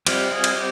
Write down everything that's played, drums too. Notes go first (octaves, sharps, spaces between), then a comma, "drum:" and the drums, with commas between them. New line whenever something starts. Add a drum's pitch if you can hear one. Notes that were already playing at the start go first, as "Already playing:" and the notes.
G3 C4 F4 G4, drum: cymbal
F4 G#4
drum: cymbal
G4